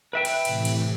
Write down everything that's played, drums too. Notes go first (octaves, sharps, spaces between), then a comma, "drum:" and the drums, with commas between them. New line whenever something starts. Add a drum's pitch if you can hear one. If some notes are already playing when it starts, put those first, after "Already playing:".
B4 E5 G5
drum: cymbal
A2 C3 E3, drum: cymbal
drum: cymbal